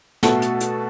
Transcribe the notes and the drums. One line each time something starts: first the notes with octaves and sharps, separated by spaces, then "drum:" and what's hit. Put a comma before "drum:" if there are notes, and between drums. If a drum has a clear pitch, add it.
B2 A3 F#4 A4, drum: snare
drum: hi-hat
drum: hi-hat